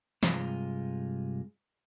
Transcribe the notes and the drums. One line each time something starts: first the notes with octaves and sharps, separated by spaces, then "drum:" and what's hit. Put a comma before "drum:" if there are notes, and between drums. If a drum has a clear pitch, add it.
G2 C3 G#3 F4 A#5, drum: snare